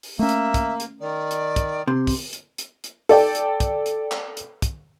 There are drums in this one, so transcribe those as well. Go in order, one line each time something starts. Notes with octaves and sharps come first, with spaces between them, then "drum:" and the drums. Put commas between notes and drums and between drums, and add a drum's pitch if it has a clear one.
drum: open hi-hat
A3 A#3 C#4 E5
drum: hi-hat
drum: kick, hi-hat
drum: hi-hat
D#3 D5
drum: hi-hat
drum: kick, hi-hat
C3 C6
drum: kick, open hi-hat
drum: hi-hat
drum: hi-hat
drum: hi-hat
A4 D5 G5, drum: open hi-hat
drum: hi-hat
drum: kick, hi-hat
drum: hi-hat
drum: clap
drum: hi-hat
drum: kick, hi-hat